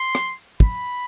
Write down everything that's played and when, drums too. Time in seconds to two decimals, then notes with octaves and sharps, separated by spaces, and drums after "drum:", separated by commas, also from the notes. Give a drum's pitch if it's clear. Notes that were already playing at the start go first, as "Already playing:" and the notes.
Already playing: C6
0.15 drum: rim click
0.60 B5, drum: kick